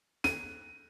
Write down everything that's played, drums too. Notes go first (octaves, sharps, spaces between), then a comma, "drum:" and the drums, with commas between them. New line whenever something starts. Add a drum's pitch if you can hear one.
D#7, drum: snare